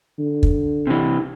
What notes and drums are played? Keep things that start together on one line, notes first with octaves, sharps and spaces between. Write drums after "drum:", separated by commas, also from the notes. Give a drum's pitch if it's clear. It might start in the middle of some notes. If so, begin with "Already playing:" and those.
D3
drum: kick
C3 E3